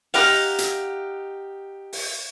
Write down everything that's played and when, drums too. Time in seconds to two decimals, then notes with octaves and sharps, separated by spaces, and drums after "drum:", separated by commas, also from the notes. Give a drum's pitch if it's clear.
0.14 D#4 G4 F5 F#5, drum: open hi-hat
0.58 drum: hi-hat
1.93 drum: open hi-hat